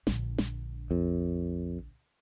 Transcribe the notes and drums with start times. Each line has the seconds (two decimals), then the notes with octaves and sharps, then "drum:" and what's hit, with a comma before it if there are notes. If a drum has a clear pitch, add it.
0.07 A#1 D3, drum: snare
0.38 drum: snare
0.91 F2